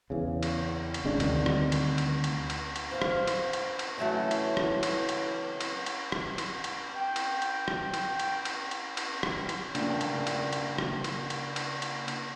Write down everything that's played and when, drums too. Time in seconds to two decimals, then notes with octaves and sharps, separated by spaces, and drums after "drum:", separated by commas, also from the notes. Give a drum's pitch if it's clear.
0.10 E2 C#3
0.43 drum: cymbal
0.94 drum: cymbal
1.05 G#1 C#3 G#3 D4
1.20 D2 C3 D#3 G3, drum: cymbal
1.46 drum: rim click
1.72 drum: cymbal
1.98 drum: cymbal
2.24 drum: cymbal
2.50 drum: cymbal
2.76 drum: cymbal
2.91 C5 F5
3.02 drum: rim click
3.27 drum: cymbal
3.53 drum: cymbal
3.79 drum: cymbal
3.98 C#3 E3 F#3 A3
4.31 drum: cymbal
4.57 drum: rim click
4.83 drum: cymbal
5.09 drum: cymbal
5.61 drum: cymbal
5.86 drum: cymbal
6.12 drum: rim click
6.38 drum: cymbal
6.64 drum: cymbal
6.95 G5
7.16 drum: cymbal
7.42 drum: cymbal
7.68 drum: rim click
7.94 drum: cymbal
8.19 drum: cymbal
8.45 drum: cymbal
8.71 drum: cymbal
8.97 drum: cymbal
9.23 drum: rim click
9.49 drum: cymbal
9.75 C#3 A#3 D4 F4 G4, drum: cymbal
10.01 drum: cymbal
10.27 drum: cymbal
10.53 drum: cymbal
10.78 drum: rim click
11.04 drum: cymbal
11.30 drum: cymbal
11.56 drum: cymbal
11.82 drum: cymbal
12.08 drum: cymbal